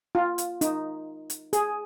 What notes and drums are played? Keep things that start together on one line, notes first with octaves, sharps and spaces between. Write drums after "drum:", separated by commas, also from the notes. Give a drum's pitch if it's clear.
F4
drum: hi-hat
D#4, drum: hi-hat
drum: hi-hat
G#4, drum: hi-hat